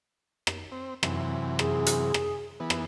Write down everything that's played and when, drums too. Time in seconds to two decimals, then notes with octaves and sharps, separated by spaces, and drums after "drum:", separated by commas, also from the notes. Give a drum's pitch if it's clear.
0.47 drum: rim click
0.72 C4
1.03 F#2 C3 E3, drum: rim click
1.59 G#4, drum: rim click
1.86 drum: hi-hat
2.14 drum: rim click
2.60 E3 B3
2.70 drum: rim click